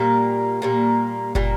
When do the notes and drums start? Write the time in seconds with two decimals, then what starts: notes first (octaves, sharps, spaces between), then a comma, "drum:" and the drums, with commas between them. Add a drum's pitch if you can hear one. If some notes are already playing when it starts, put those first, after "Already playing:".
Already playing: A#2 G3 A#3
0.62 A#2 G3 A#3
1.35 A#2 G3 A#3, drum: kick